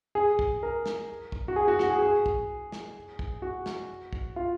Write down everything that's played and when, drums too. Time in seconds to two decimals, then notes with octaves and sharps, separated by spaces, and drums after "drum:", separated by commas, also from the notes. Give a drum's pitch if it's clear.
0.15 G#4
0.39 drum: kick
0.63 A#4
0.86 drum: snare
1.32 drum: kick
1.48 F#4
1.56 G#4
1.68 F#4
1.79 F#4, drum: snare
1.90 G#4
2.02 G#4
2.26 drum: kick
2.72 drum: snare
3.19 drum: kick
3.42 F#4
3.66 drum: snare
4.13 drum: kick
4.36 F4